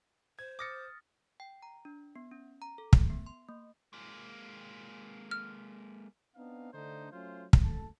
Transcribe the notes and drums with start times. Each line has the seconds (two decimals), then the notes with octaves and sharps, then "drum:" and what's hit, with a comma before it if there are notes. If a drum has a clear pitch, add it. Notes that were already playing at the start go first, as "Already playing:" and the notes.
0.39 C5 G#6
0.59 D6 D#6 F6 A6 A#6 C#7
1.40 G5
1.62 A#5
1.85 D4
2.16 B3
2.31 C#4
2.62 A#5
2.78 A4
2.93 drum: kick
3.10 B3
3.26 C6
3.49 A#3
3.93 G#3 A#3
5.31 F6
6.36 B3 C4 D4 D#4 F5
6.73 D3 A3 D4 D#4 C5
7.12 F#3 A3 C#4 F4 C5
7.53 drum: kick
7.64 F#1 A4 A5